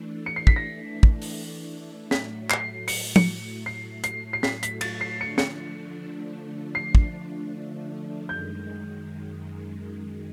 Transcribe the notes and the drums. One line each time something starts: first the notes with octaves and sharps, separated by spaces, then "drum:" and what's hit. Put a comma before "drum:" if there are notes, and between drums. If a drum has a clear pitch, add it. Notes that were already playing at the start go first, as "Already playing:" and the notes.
Already playing: E3 A3 D4
C#7
C7
B6, drum: kick
A#6
drum: kick
drum: open hi-hat
A2 F#3 A3 B6, drum: snare
C7, drum: clap
C#7, drum: open hi-hat
C#7, drum: tom
C7
C7, drum: hi-hat
C7
B6, drum: snare
B6, drum: hi-hat
A6, drum: cymbal
C7
D3 F3 A3 D4 C#7
C#7, drum: snare
C7
drum: kick
F#2 D#3 G#3 G6